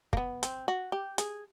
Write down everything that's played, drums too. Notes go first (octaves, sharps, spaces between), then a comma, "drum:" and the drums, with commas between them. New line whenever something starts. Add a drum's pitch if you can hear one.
A#3, drum: kick
B3
C4, drum: hi-hat
F#4
G4
G#4, drum: hi-hat